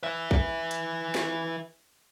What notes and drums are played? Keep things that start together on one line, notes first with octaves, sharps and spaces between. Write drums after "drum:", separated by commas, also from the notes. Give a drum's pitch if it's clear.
B4 E5
drum: kick A#1
drum: hi-hat
drum: snare